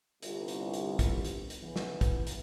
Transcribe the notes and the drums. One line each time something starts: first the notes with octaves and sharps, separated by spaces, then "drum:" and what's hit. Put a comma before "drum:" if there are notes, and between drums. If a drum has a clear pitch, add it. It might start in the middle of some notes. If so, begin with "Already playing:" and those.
G1 C2, drum: hi-hat
drum: hi-hat
drum: hi-hat
drum: kick, hi-hat
drum: hi-hat
drum: hi-hat
C#3 E3 B3
drum: snare
drum: kick, hi-hat
drum: hi-hat